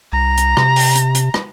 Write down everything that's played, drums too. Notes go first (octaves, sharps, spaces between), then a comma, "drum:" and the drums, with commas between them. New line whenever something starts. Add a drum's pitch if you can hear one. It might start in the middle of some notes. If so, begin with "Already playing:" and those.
C2 A#5
drum: hi-hat
C3, drum: rim click
drum: open hi-hat
drum: hi-hat
drum: hi-hat
drum: rim click